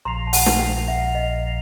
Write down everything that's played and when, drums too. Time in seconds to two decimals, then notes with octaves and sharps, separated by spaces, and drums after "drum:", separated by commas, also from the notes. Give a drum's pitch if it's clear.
0.05 A#1 A#2 F3 A#5 C6
0.27 A5
0.33 F#5 G#5, drum: open hi-hat
0.46 drum: snare
0.60 F5 G5
0.88 E5 F#5
1.15 D#5 F5